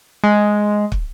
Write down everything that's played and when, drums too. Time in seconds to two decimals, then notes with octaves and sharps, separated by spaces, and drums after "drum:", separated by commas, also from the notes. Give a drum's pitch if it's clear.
0.24 G#3
0.92 drum: kick